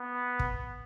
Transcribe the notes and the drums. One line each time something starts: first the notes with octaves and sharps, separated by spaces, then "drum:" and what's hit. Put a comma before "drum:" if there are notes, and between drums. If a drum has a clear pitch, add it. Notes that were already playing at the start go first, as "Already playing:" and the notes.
Already playing: B3
drum: kick